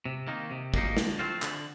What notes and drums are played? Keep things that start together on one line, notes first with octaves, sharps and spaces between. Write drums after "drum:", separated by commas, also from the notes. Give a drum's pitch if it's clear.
C3
D#3 A#3 D#4
C3
D#3 A#3 D#4, drum: kick
D3, drum: snare
F3 A3 C4 F4
D3, drum: clap